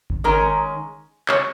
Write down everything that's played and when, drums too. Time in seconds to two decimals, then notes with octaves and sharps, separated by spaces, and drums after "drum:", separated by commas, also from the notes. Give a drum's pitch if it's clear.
0.10 drum: kick G1
0.24 D#3 G#3 C#4 A#4
1.29 C#5, drum: clap